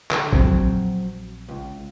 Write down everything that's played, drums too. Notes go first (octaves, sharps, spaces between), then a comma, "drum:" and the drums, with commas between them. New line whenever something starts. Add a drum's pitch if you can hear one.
D3, drum: clap
F2 F#3 C4, drum: kick A#1
A#1
C#2